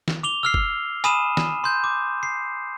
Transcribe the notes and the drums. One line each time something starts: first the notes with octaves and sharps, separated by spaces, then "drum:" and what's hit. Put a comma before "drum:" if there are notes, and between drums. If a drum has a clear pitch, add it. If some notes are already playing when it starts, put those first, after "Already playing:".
drum: snare
D6 F7 G7
E6 F6 C7
drum: kick
G#5 B5 D#6 D#7 E7, drum: hi-hat
drum: snare
C6 G6
D6
C7